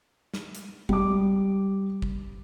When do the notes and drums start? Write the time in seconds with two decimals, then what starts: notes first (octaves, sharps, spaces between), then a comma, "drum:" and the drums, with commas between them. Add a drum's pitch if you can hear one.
0.34 drum: snare
0.55 drum: hi-hat
0.89 G3 D6, drum: kick
2.02 drum: kick